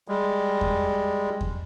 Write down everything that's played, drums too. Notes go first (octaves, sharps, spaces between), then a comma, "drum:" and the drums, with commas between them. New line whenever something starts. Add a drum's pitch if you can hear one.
G3 G#3
drum: kick E2
drum: kick E2